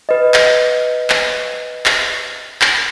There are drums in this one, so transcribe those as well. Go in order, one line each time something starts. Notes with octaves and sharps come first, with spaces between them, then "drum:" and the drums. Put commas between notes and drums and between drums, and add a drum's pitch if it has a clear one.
B4 D#5
drum: clap
drum: clap
drum: clap
drum: clap